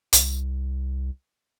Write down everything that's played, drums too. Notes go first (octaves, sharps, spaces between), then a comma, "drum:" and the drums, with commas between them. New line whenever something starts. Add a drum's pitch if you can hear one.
C2, drum: hi-hat